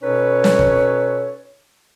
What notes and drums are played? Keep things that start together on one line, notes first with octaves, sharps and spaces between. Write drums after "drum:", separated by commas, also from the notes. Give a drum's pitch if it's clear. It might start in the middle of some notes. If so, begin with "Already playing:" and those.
B2 C#4 D#4 A4 B4 C#5
drum: snare
drum: kick